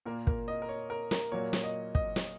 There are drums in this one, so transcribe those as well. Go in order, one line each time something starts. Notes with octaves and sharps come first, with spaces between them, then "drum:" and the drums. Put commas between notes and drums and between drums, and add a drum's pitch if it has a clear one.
A#2 A#3 A#4
A#4, drum: kick
D#5
A#4
C#5
A#4
A#4, drum: snare
A#2 F#3 A#3 C#5
drum: snare
D#5
D#5, drum: kick
drum: snare